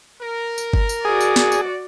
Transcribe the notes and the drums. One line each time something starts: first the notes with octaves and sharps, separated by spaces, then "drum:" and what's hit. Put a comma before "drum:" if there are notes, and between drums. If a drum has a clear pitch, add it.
A#4
drum: tambourine
drum: kick G1
drum: tambourine
F#4 G#4 D5
drum: tambourine
drum: snare
drum: tambourine